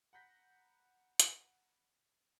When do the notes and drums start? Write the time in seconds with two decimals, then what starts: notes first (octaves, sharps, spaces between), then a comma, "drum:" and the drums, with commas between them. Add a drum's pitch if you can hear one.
0.13 F#5 A#5 B5 G6 A#6 B6
1.20 drum: hi-hat